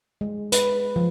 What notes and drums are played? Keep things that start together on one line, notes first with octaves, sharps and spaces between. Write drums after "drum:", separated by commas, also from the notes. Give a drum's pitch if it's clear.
G#3
B4, drum: hi-hat
F3